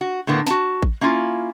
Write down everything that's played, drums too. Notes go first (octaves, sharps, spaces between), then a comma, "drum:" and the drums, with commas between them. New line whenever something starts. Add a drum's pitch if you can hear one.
F#4
A2 D3 A#3 B3
F#4 A5, drum: snare
drum: kick A1
A#3 C#4 E4 F4